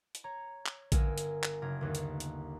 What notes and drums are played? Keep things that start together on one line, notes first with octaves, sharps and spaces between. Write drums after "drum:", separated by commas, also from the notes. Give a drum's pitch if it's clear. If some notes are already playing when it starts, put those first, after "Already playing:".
drum: hi-hat
C#5 A#5
drum: clap
G1 A#4 G#5 E6, drum: kick A#1, hi-hat
drum: hi-hat
drum: clap
F#1 A#4 G#6
G1 D#2 A3
drum: hi-hat
drum: hi-hat